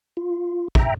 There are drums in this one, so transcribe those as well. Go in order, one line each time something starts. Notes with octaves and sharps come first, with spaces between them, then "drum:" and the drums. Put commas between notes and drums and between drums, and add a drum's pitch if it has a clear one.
F4
E5 G5 A#5, drum: kick